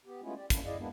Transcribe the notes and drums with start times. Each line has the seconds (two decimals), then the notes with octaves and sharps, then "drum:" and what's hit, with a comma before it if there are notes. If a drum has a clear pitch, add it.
0.05 B3 G4
0.22 G#3 A3 B3 C#4 E4 F4
0.36 G4 D5
0.50 A#3 C#4 D4 E4, drum: kick, hi-hat
0.65 A2 E4 G#4 D5 D#5 F5
0.78 G#3 A#3 B3 D4 E4